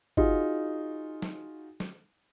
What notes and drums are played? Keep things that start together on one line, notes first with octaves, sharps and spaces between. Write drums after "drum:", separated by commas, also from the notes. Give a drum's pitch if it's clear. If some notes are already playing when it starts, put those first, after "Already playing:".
D#4 F4 F#4 G#4, drum: kick
drum: snare
drum: snare